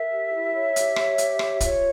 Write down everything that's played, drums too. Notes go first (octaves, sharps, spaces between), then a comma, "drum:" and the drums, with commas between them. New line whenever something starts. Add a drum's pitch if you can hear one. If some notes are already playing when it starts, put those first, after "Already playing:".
Already playing: A#4 E5
G4
E4
C#5
G4, drum: hi-hat
C#5, drum: rim click
G4, drum: hi-hat
C#5, drum: rim click
F4 C#5, drum: kick, hi-hat